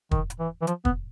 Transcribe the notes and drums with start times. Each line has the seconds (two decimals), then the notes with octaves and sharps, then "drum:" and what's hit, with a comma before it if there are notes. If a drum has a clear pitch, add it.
0.11 D#3, drum: kick
0.30 drum: hi-hat
0.39 E3
0.62 E3
0.67 F3, drum: hi-hat
0.85 B3, drum: kick